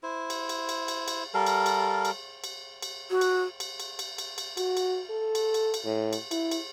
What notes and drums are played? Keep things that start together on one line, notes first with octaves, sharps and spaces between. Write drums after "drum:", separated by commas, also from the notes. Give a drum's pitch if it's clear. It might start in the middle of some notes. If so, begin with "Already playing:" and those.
E4 C5
drum: cymbal
drum: cymbal
drum: cymbal
drum: cymbal
drum: cymbal
G3 A4 A#4 F5
drum: cymbal
drum: cymbal
drum: cymbal
drum: cymbal
drum: cymbal
F#4
drum: cymbal
drum: cymbal
drum: cymbal
drum: cymbal
drum: cymbal
drum: cymbal
F#4, drum: cymbal
drum: cymbal
A4
drum: cymbal
drum: cymbal
drum: cymbal
A2
drum: cymbal
E4, drum: cymbal
drum: cymbal